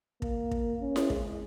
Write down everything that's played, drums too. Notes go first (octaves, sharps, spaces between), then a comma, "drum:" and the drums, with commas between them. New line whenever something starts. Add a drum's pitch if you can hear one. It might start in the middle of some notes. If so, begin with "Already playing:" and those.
A#3, drum: kick
drum: kick
C#4
drum: snare E4
G#3, drum: kick